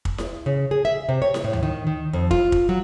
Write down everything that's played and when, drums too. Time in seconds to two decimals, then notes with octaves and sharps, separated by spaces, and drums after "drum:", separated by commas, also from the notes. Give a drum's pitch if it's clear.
0.05 drum: kick
0.18 drum: snare E4
0.46 C#3
0.71 G#4
0.85 E5
1.09 C3
1.22 C#5
1.34 drum: snare E4
1.44 A2
1.53 drum: tom D2
1.63 D#3
1.87 D#3
2.13 F2
2.31 F4, drum: kick
2.52 drum: kick
2.69 F#3